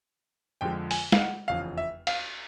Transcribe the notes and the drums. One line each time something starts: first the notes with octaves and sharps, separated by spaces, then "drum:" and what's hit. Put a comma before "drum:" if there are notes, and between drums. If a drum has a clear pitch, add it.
F2 D3 F3 G#3 G5
G#5, drum: open hi-hat
F5, drum: snare
F#5
F1 E2 C#3 F3 F5
E5
F5, drum: cymbal